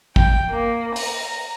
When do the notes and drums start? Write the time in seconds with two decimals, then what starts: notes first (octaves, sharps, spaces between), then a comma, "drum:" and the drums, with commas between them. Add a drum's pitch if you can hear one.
0.16 G5, drum: kick
0.51 A#3
0.96 A#5, drum: open hi-hat